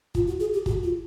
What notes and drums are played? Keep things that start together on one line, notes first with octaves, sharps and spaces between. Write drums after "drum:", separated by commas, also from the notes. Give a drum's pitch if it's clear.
F4, drum: kick
F#4
G#4
G4
F#4, drum: kick
F4